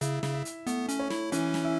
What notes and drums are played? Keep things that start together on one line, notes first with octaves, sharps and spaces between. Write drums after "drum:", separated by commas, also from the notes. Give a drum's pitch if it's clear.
C#3 E4, drum: hi-hat
C#3, drum: snare
E5
drum: hi-hat
A3 B3, drum: hi-hat
C#4, drum: hi-hat
C#5
E4, drum: snare
E3 C#4, drum: hi-hat
drum: snare
E4